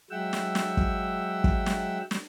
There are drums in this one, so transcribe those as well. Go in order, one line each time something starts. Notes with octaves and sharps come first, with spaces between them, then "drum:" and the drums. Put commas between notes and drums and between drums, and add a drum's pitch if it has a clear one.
F#3 G#3 E5 F#5 G5 E6
drum: snare
drum: snare
drum: kick
drum: kick
drum: snare
drum: snare